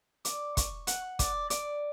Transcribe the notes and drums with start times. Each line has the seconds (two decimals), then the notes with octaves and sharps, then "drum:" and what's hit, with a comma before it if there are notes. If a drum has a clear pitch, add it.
0.25 D5, drum: hi-hat
0.57 C#6, drum: kick, hi-hat
0.87 F#5, drum: hi-hat
1.19 D5, drum: kick, hi-hat
1.50 D5, drum: hi-hat